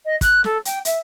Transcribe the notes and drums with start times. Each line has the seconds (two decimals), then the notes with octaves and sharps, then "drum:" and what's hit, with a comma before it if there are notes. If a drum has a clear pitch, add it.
0.05 D#5
0.21 F#6, drum: kick, hi-hat
0.44 A4, drum: snare
0.65 G5, drum: hi-hat
0.85 E5, drum: hi-hat